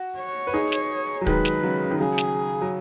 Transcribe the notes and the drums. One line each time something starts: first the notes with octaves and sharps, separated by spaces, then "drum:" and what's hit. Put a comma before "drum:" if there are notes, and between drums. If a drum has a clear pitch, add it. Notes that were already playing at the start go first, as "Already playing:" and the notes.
Already playing: F#4
C#5
B4
D#4 G#4
drum: snare
F#3
D#3 G#3 B4, drum: kick
drum: snare
C#3 F#3
C#3
D#3
C#3 F#3 G#4
drum: snare
F#3